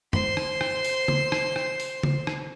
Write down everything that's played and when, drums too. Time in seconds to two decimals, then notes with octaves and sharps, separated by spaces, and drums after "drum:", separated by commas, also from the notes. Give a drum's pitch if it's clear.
0.13 C5 C6, drum: tom
0.37 drum: rim click
0.61 drum: rim click
0.85 drum: open hi-hat
1.08 drum: tom C#3
1.32 drum: rim click
1.56 drum: rim click
1.80 drum: open hi-hat
2.03 drum: tom C#3
2.27 drum: rim click